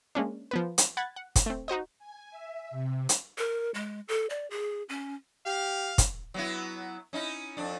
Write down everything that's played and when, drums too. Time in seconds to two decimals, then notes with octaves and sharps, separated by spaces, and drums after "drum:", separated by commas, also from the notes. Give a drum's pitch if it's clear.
0.15 G#3 A#3 C#4 D4
0.51 F3 B3 B4
0.78 drum: hi-hat
0.97 F#5 B5 F#6 G#6 A6
1.16 F#5
1.36 drum: kick, hi-hat
1.46 A3 C4
1.68 D#4 F#4 C5 D#5
1.99 G#5
2.31 E5
2.71 C3
3.09 drum: hi-hat
3.38 A#4
3.74 G#3
4.08 A4
4.30 D5
4.50 G#4
4.89 C#4
5.46 G4 F5
5.98 drum: kick, hi-hat
6.34 F#3 B3 E4
7.13 C#4 D#4 E4
7.57 F2 D4